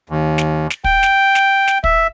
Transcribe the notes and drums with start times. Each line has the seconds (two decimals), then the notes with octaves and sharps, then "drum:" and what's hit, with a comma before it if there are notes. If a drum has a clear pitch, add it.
0.10 D#2
0.38 drum: snare
0.70 drum: snare
0.84 G5, drum: kick
1.03 drum: snare
1.35 drum: snare
1.67 drum: snare
1.84 E5, drum: kick